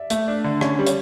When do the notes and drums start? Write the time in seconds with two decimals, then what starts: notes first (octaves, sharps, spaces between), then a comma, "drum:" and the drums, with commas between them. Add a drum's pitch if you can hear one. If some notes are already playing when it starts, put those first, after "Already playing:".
Already playing: D5 E5
0.10 A3 E5, drum: hi-hat
0.28 D4
0.44 D3
0.61 C#4 D5, drum: rim click
0.79 G3
0.87 C#5, drum: hi-hat